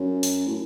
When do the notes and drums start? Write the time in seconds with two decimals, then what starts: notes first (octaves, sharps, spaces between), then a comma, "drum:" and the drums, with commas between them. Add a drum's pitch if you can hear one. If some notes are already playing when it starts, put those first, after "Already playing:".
Already playing: F#2
0.23 drum: open hi-hat
0.47 A2